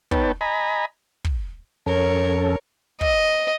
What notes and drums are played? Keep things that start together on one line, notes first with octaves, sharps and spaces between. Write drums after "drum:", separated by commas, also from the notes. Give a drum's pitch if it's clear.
B3 D#4 B4 C#5 G5 A5, drum: kick
D#5 G#5 A#5 B5
drum: kick
F2 C#4 A4 A#4 C#5
D#5, drum: kick